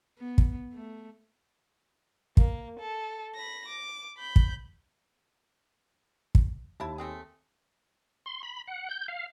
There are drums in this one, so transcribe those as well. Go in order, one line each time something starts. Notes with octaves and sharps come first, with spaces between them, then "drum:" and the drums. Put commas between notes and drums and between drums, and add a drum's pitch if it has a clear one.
B3
drum: kick
A3
A#3, drum: kick
A4
B5 A#6
D6
B5 G6
drum: kick
drum: kick
D#2 E4 A5
A3 C4 G#4
C6
B5
F#5
G6
F5